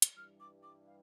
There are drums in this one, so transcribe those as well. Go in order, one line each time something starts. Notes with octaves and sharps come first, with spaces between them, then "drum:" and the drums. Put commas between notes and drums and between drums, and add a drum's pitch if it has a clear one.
drum: hi-hat
G2 E3 G3 F6
D6
D6
F5